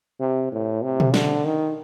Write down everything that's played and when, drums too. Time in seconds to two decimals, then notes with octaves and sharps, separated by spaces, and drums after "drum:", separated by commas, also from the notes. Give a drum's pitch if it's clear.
0.20 C3
0.52 A2
0.83 C3
1.00 drum: tom B2
1.14 D3, drum: snare
1.45 D#3